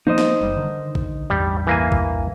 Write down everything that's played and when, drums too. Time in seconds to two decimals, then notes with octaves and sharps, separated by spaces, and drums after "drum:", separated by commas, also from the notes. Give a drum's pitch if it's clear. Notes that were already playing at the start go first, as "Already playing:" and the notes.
0.07 F3 A#3 D#4 C5 D#5
0.18 drum: snare
0.41 F#1 G3
0.57 D3 D#3
0.95 drum: kick
1.30 A1 E2 G2 G3
1.67 E3 A#3 G#5
1.92 drum: kick